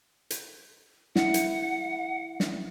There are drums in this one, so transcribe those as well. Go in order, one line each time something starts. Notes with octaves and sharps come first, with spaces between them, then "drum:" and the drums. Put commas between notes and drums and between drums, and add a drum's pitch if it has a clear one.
drum: hi-hat
E4 F#5, drum: snare
drum: hi-hat
drum: snare